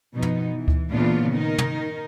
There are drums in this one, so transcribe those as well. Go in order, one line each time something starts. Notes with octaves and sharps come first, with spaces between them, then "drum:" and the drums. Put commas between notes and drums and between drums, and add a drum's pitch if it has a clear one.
B2 F3 B3 D#4
drum: tom
E3
drum: kick D2
A#2 C#3 E3 B3 D4 F4
D#3 D#4 A#4
drum: tom